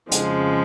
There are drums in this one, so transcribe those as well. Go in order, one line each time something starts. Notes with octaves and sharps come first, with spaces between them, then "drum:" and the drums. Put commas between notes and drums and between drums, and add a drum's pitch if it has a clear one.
F2 C#3 F3 G#3, drum: hi-hat